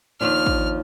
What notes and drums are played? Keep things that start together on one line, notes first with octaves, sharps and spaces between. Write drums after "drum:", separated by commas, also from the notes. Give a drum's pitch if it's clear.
D#2 F3 D4 F6
drum: kick